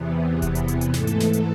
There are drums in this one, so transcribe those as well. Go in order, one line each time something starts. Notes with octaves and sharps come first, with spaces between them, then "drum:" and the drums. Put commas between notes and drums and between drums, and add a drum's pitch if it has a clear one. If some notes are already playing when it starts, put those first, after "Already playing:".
Already playing: E2 C3 E3 B3
drum: kick D#1, hi-hat
drum: hi-hat
drum: hi-hat
drum: hi-hat
G#2 E3 A3 A4, drum: snare
drum: hi-hat
drum: snare
drum: hi-hat